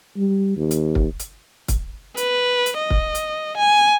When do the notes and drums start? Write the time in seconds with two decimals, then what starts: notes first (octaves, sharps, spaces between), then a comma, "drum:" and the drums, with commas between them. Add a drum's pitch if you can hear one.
0.17 G3
0.57 D#2
0.71 drum: hi-hat
0.95 drum: kick
1.20 drum: hi-hat
1.68 drum: kick, hi-hat
2.17 B4, drum: hi-hat
2.66 drum: hi-hat
2.78 D#5
2.90 drum: kick
3.15 drum: hi-hat
3.57 G#5